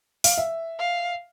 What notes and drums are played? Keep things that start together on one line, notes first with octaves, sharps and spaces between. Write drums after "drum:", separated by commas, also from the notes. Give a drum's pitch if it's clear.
F5, drum: open hi-hat
E5
F5